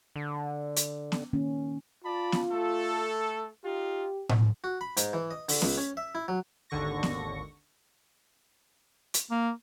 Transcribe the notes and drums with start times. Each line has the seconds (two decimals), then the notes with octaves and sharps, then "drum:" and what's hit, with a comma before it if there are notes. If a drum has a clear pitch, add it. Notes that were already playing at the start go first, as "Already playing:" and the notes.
0.16 D3
0.76 drum: hi-hat
1.12 drum: snare B3
1.33 D#3 A#3 C#4
2.04 F4 D5 A5 B5
2.32 drum: snare B3
2.51 A3 A4
3.65 D#4 F4 G4
4.29 drum: tom A2
4.64 F#4
4.81 B5
4.97 G#2, drum: hi-hat
5.13 E3
5.31 D#5
5.49 D3, drum: open hi-hat
5.62 C#2, drum: snare B3
5.78 C#4
5.97 E5
6.15 E4
6.28 F#3
6.70 G#1 D#2 D3 C#6 A#6
7.03 drum: snare B3
9.14 drum: hi-hat
9.31 A#3